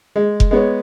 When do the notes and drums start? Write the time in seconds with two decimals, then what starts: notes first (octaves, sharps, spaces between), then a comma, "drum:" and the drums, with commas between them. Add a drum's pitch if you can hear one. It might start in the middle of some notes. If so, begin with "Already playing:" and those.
0.16 G#3
0.40 drum: kick F1
0.51 G#3 B3 C#5